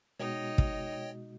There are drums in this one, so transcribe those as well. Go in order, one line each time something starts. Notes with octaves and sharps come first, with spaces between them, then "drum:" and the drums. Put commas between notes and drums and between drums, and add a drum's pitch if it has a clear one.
B2 G#3 D#4 F#4 C#5 D#5 G5
drum: kick